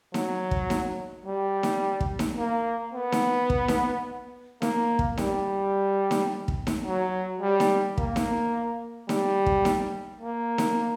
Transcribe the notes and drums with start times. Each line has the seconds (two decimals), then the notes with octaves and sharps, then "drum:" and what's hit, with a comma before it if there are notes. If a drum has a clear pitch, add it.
0.14 F#3, drum: snare D#4
0.51 drum: kick
0.70 drum: snare D#4
1.26 G3
1.63 drum: snare D#4
2.00 drum: kick
2.19 drum: snare D#4
2.37 A#3
2.94 B3
3.12 drum: snare D#4
3.50 drum: kick
3.68 drum: snare D#4
4.62 A#3, drum: snare D#4
4.99 drum: kick
5.17 G3, drum: snare D#4
6.11 drum: snare D#4
6.48 drum: kick
6.67 drum: snare D#4
6.86 F#3
7.41 G3
7.60 drum: snare D#4
7.98 A#3, drum: kick
8.16 drum: snare D#4
9.09 G3, drum: snare D#4
9.46 drum: kick
9.65 drum: snare D#4
10.21 A#3
10.58 drum: snare D#4